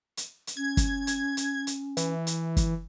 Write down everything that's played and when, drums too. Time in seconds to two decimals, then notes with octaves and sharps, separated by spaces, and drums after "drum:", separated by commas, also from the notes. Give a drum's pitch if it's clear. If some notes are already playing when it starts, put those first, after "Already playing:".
0.17 drum: hi-hat
0.47 drum: hi-hat
0.57 C#4 G#6
0.77 drum: kick, hi-hat
1.07 drum: hi-hat
1.37 drum: hi-hat
1.67 drum: hi-hat
1.97 E3, drum: hi-hat
2.27 drum: hi-hat
2.57 drum: kick, hi-hat